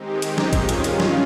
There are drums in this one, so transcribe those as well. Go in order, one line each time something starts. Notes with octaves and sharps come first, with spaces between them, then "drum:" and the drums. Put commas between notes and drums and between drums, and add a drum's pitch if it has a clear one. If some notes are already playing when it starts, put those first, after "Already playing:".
Already playing: D#3 G#3 C4 D#4 G4
drum: hi-hat
drum: snare
G2 D#3 G#3 C#4 F4, drum: kick, hi-hat
drum: hi-hat
drum: hi-hat
drum: snare